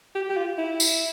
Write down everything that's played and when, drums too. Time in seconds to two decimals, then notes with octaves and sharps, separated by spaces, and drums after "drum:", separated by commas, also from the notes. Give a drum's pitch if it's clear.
0.15 G4
0.29 G4
0.36 F4
0.58 E4
0.80 drum: tambourine